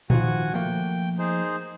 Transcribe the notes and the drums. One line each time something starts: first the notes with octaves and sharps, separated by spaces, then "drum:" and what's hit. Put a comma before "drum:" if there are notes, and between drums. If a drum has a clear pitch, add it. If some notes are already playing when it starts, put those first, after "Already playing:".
D#3 F3 F4 F#4 F#5 G#5, drum: tom A#2
F3 A3 A#3 G5
D#4 G#4 C5